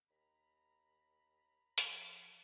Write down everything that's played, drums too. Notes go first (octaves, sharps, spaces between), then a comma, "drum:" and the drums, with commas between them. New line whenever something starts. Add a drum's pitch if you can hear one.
D#2 A#5 B5
F3, drum: hi-hat